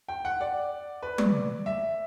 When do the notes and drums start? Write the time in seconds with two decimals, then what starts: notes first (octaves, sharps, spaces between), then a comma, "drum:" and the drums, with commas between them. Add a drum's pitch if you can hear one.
0.08 G5
0.25 F#5
0.41 D5
1.03 B4
1.18 D5, drum: tom
1.66 E5